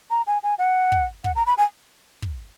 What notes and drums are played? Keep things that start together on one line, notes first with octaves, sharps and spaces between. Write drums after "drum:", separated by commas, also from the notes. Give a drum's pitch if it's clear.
A#5
G#5
G#5
F#5
drum: kick
F#5, drum: kick
A#5
B5
G#5
drum: kick